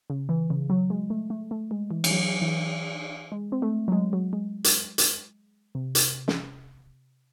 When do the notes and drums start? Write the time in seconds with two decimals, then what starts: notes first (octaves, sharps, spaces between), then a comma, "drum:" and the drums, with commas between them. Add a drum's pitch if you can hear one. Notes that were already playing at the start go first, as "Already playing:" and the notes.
0.10 C#3
0.29 E3
0.50 C#3
0.70 F#3
0.90 G#3
1.10 A3
1.30 A3
1.51 A3
1.71 G#3
1.91 E3
2.04 E3, drum: cymbal
2.11 F#3
2.42 E3
3.32 G#3
3.52 C4
3.62 A3
3.88 F#3
3.92 G#3
4.13 F#3
4.33 G#3
4.64 drum: hi-hat
4.98 drum: hi-hat
5.75 C3
5.95 drum: hi-hat
6.28 drum: snare